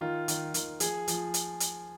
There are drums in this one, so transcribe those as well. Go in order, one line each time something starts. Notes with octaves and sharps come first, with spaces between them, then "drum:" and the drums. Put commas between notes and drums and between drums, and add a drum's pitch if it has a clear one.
D#3 F4
D#3, drum: hi-hat
D#3, drum: hi-hat
F3 G#4, drum: hi-hat
F3, drum: hi-hat
drum: hi-hat
drum: hi-hat